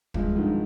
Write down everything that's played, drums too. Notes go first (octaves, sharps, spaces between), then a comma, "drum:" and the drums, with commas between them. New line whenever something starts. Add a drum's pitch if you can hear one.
G2 F3 G#3, drum: kick
D3 D#3 F3